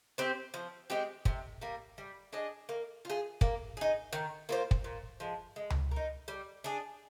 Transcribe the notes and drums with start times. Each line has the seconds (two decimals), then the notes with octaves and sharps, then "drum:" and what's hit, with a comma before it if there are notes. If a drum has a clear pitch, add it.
0.18 C4 G4 C5
0.54 F3
0.90 G#3 C4 G4
1.25 C3, drum: kick
1.62 G3 A#3
1.98 G3
2.33 D4 G#4 D#5
2.69 A#3
3.05 F4 G#4
3.41 A#3, drum: kick
3.77 D#4 G#4
4.13 D#3
4.49 A#3 F4 C5
4.71 drum: kick
4.84 A#2
5.20 F3 G#3
5.56 G#3
5.70 drum: tom C#2
5.91 D#4 A#4
6.28 G3
6.64 D4 G#4